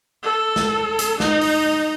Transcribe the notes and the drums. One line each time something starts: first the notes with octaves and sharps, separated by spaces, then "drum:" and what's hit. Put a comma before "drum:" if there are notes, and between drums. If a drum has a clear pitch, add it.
A4
drum: snare
drum: hi-hat
D#4, drum: snare
drum: open hi-hat